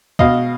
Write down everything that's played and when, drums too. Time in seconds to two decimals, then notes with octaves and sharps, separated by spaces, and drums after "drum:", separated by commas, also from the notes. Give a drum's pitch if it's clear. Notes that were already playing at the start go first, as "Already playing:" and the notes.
0.19 B2 D#5 F5, drum: kick